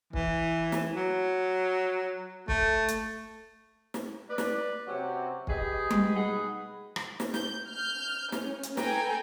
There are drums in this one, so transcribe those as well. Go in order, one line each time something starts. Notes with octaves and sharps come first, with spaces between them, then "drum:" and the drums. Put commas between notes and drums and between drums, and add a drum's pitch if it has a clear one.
E3, drum: kick
drum: snare
F#3
A3, drum: kick
drum: hi-hat
drum: snare
B4 D5
drum: snare
C3 F#3 C#4 F#4 G4
G4 G#4 B4 D#5, drum: kick
drum: tom G3
B2 D#4 G#4 F#5 B5
drum: rim click
drum: snare
G6, drum: snare
F6 G6
C#4, drum: snare
drum: hi-hat
A4 B4 G5 G#5 A#5, drum: snare